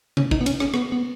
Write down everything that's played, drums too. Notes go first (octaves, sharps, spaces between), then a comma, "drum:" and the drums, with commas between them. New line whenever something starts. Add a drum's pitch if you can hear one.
C#4, drum: tom C3
D#4, drum: kick
B3
C#4, drum: cymbal
C#4, drum: rim click
B3, drum: rim click
B3